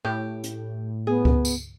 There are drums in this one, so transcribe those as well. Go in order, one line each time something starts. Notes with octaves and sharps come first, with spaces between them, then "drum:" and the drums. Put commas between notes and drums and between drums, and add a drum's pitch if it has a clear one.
A2 G4
drum: hi-hat
B3 G#4
drum: kick C#2
drum: tambourine